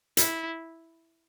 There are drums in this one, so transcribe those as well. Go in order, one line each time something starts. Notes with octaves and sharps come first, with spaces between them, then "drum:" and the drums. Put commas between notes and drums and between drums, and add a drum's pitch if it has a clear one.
E4, drum: hi-hat